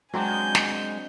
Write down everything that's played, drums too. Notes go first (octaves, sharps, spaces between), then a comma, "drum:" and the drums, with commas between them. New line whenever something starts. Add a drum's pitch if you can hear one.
F#3 G#3 C4 D4 G#5 G6
drum: snare